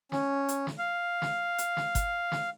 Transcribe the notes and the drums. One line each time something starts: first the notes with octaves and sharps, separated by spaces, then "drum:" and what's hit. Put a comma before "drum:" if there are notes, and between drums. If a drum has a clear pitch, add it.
C#4, drum: snare
drum: hi-hat
drum: snare
F5
drum: snare
drum: hi-hat
drum: snare
drum: kick G1, hi-hat
drum: snare